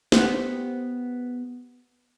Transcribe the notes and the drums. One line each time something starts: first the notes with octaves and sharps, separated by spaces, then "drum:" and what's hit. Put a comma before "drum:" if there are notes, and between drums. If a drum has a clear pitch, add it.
B3 G4 C5, drum: snare